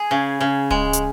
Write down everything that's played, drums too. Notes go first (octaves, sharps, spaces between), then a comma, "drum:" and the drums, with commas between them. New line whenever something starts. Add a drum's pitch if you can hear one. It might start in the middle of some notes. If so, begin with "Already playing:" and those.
Already playing: G#4
C#3
C#3
G#3, drum: kick D1
drum: hi-hat